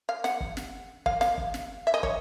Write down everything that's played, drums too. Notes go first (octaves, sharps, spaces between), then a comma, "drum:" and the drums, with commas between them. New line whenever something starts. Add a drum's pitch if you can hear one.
F5
F#5, drum: snare
drum: kick
drum: snare
F5, drum: kick
F5, drum: snare
drum: kick
drum: snare
E5
D#5
C#5, drum: kick